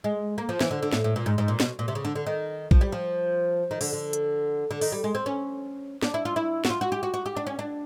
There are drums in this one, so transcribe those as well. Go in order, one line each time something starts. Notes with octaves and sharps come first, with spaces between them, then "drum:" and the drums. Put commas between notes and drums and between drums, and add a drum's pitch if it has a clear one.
G#3
A#3
F3
E3, drum: snare
D3
D3
A2, drum: snare
A2
A#2
G#2
G#2
A#2
B2, drum: snare
A#2
C3
C#3
D3
D3
D#3
F3, drum: kick A#1
G3
F3
D#3
D3, drum: open hi-hat
D3
drum: hi-hat
D3
D#3, drum: open hi-hat
G3
G#3
C4
C#4
D4, drum: snare
E4
F4
E4
F#4, drum: snare
F4
F#4
G4
F#4
F#4
G4
D4
C#4
D4